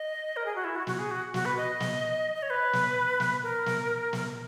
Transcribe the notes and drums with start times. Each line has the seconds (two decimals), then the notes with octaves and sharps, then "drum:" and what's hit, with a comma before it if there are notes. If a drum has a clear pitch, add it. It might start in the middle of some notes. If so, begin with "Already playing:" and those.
Already playing: D#5
0.37 A#4
0.46 G#4
0.56 F#4
0.64 E4
0.76 F#4
0.87 F#4, drum: snare
0.99 G#4
1.11 F#4
1.34 F#4, drum: snare
1.45 B4
1.57 D#5
1.80 drum: snare
2.35 D#5
2.42 C#5
2.50 B4
2.73 drum: snare
3.20 drum: snare
3.43 A#4
3.66 drum: snare
4.13 drum: snare